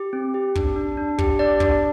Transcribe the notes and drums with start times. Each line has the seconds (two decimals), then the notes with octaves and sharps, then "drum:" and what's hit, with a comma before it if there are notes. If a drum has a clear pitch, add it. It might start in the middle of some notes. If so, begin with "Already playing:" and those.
Already playing: G4
0.13 C4
0.34 G4
0.55 D4, drum: kick
0.76 D4
0.97 D4
1.18 G4, drum: kick
1.39 D4 D5
1.60 D4, drum: kick